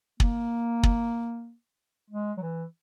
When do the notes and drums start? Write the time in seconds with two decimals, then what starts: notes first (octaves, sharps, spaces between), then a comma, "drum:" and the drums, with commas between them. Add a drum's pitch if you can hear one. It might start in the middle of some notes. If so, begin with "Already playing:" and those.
0.20 A#3, drum: kick
0.83 drum: kick
2.10 G#3
2.37 F#3
2.42 E3